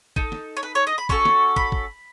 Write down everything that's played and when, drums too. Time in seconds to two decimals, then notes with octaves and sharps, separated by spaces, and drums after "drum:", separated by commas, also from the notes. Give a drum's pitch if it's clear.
0.16 D#4 A4, drum: kick
0.32 drum: snare
0.57 C#5
0.63 B4
0.75 C#5
0.87 D#5
0.98 B5
1.09 C#4 F#4 A4 C#6, drum: kick
1.25 drum: snare
1.56 B5, drum: kick
1.72 drum: kick